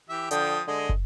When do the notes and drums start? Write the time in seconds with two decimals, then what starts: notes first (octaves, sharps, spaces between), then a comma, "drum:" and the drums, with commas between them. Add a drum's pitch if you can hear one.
0.09 E3 G4 E5
0.31 D3 F3 G5 D#6, drum: hi-hat
0.67 D3 G#3 D#5
0.89 drum: kick